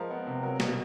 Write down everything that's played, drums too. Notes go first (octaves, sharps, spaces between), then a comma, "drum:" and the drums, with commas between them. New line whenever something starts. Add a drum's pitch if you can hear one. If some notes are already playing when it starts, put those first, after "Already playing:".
Already playing: F3 G#3 A#4
B3
C3
F#3 A#4
B2, drum: snare